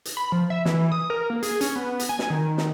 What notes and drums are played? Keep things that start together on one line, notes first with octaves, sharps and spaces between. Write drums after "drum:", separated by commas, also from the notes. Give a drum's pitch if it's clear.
drum: hi-hat
B5
F3
E5
E3, drum: snare
D#6
A#4
A#3
G#4, drum: hi-hat
C#4, drum: hi-hat
B3
drum: hi-hat
G#5
drum: snare
D#3
drum: snare